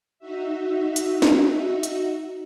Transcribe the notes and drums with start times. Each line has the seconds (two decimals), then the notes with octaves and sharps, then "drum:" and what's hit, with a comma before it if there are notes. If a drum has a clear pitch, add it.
0.19 D#4 F#4 E5
0.96 drum: hi-hat
1.22 drum: snare
1.83 drum: hi-hat